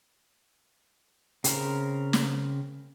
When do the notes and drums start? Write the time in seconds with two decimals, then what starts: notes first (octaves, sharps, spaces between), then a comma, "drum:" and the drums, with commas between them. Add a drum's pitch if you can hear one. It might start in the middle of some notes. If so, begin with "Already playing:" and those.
1.44 C#3 C4 A#4, drum: hi-hat
2.13 drum: snare